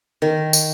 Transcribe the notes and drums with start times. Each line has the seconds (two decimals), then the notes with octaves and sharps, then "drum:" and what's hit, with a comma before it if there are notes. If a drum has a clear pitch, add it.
0.22 D#3
0.53 drum: tambourine